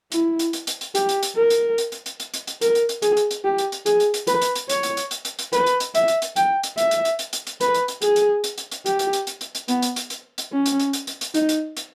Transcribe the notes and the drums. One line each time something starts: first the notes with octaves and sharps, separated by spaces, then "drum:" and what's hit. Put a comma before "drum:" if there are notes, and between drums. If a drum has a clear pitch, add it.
E4, drum: hi-hat
drum: hi-hat
drum: hi-hat
drum: hi-hat
drum: hi-hat
G4, drum: hi-hat
drum: hi-hat
drum: hi-hat
A#4
drum: hi-hat
drum: hi-hat
drum: hi-hat
drum: hi-hat
drum: hi-hat
drum: hi-hat
drum: hi-hat
A#4, drum: hi-hat
drum: hi-hat
drum: hi-hat
G#4, drum: hi-hat
drum: hi-hat
drum: hi-hat
G4
drum: hi-hat
drum: hi-hat
G#4, drum: hi-hat
drum: hi-hat
drum: hi-hat
B4, drum: hi-hat
drum: hi-hat
drum: hi-hat
C#5, drum: hi-hat
drum: hi-hat
drum: hi-hat
drum: hi-hat
drum: hi-hat
drum: hi-hat
B4, drum: hi-hat
drum: hi-hat
drum: hi-hat
E5, drum: hi-hat
drum: hi-hat
drum: hi-hat
G5, drum: hi-hat
drum: hi-hat
E5, drum: hi-hat
drum: hi-hat
drum: hi-hat
drum: hi-hat
drum: hi-hat
drum: hi-hat
B4, drum: hi-hat
drum: hi-hat
drum: hi-hat
G#4, drum: hi-hat
drum: hi-hat
drum: hi-hat
drum: hi-hat
drum: hi-hat
G4, drum: hi-hat
drum: hi-hat
drum: hi-hat
drum: hi-hat
drum: hi-hat
drum: hi-hat
B3, drum: hi-hat
drum: hi-hat
drum: hi-hat
drum: hi-hat
drum: hi-hat
C#4
drum: hi-hat
drum: hi-hat
drum: hi-hat
drum: hi-hat
drum: hi-hat
D#4, drum: hi-hat
drum: hi-hat
drum: hi-hat